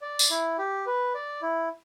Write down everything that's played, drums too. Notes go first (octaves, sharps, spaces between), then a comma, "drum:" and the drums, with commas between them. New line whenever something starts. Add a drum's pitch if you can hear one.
D5
drum: tambourine
E4
G4
B4
D5
E4